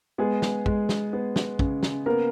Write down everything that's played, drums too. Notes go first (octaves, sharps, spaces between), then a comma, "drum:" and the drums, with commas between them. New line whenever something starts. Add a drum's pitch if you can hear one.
G#3 B3 G#4
drum: snare
G#3, drum: kick
drum: snare
B3
drum: snare
C#3, drum: kick
drum: snare
A#3 B3 A#4